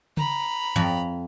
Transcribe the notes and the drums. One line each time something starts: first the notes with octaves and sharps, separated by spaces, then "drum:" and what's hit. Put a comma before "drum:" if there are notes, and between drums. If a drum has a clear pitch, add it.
A#5 B5, drum: tom C#3
F2, drum: tom G2